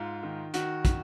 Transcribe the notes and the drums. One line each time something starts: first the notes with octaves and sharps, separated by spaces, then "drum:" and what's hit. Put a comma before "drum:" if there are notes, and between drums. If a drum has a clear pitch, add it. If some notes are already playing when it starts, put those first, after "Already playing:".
Already playing: G#2 F4
D#3
D#3 F#4, drum: hi-hat
drum: kick, hi-hat